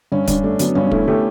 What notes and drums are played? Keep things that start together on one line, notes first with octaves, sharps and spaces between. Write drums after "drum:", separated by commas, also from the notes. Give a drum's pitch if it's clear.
G2 C#4
G2 D4, drum: kick, hi-hat
A3 D4
F#3 B3, drum: hi-hat
G2 C#4
A3 E4, drum: kick
A3 G4